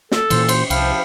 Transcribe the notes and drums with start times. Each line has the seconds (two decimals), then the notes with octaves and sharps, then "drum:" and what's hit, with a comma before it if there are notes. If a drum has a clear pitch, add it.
0.12 A4, drum: snare
0.30 A#2 E3 C5, drum: cymbal
0.49 C5, drum: cymbal
0.70 C2 F3 E4 F5 G5, drum: cymbal